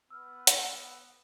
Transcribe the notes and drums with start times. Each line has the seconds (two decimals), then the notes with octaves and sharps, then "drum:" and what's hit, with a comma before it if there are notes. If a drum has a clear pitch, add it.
0.10 B3 E6 F6
0.47 drum: hi-hat